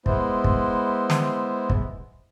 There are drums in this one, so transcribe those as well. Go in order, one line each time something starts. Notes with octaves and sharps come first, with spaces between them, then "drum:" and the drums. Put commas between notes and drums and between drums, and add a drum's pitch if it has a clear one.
G#3 B3 E4 C5, drum: kick
drum: kick
drum: snare
drum: kick